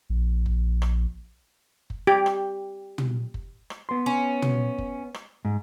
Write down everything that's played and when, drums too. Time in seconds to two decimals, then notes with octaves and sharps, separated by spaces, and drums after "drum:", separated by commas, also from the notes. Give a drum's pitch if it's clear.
0.10 A#1
0.46 drum: kick F#1
0.82 drum: rim click
1.90 drum: kick F#1
2.07 G4
2.26 drum: rim click
2.98 drum: tom
3.34 drum: kick F#1
3.70 drum: rim click
3.89 B3 C6
4.06 C#4
4.42 drum: tom
4.78 drum: kick F#1
5.14 drum: rim click
5.45 G#2